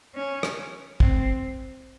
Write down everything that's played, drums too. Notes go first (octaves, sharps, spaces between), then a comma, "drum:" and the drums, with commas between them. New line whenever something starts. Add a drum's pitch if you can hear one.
C#4
drum: rim click
C4, drum: kick